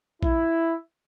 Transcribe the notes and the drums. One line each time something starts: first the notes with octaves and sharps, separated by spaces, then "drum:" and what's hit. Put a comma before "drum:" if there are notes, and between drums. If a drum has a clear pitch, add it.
E4, drum: kick A#1